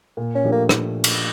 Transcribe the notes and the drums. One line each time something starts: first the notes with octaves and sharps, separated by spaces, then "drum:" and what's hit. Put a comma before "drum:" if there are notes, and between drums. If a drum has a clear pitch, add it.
A#2
C#4
F3 A3 D4 G4
A#3
drum: rim click
drum: cymbal